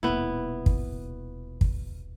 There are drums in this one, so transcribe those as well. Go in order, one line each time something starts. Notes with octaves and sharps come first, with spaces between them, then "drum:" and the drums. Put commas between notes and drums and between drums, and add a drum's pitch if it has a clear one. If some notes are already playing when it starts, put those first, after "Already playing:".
D#1 B2 B3 E4
drum: kick
drum: kick